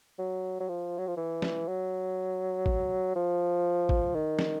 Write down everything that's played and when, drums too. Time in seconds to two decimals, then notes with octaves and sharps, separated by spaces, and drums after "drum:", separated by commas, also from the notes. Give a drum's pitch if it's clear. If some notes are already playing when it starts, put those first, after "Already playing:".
0.19 F#3
0.61 F#3
0.69 F3
0.98 F#3
1.07 F3
1.17 E3
1.42 drum: snare
1.68 F#3
2.66 drum: kick
3.16 F3
3.89 drum: kick
4.14 D#3
4.39 drum: snare